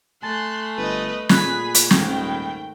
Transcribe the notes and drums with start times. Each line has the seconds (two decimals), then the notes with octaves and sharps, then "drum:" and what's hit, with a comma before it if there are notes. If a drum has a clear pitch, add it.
0.22 A3 G#5 A5 C6 F#6 A6
0.77 G1 B4 D#5
1.29 A#2 G#4 B5 F#6 G#6 B6, drum: snare
1.75 drum: hi-hat
1.91 D#1 G#2 D#3 A3 G5, drum: snare